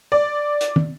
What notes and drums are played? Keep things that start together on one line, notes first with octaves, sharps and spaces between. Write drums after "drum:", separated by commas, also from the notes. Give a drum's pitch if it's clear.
D5
drum: hi-hat
drum: tom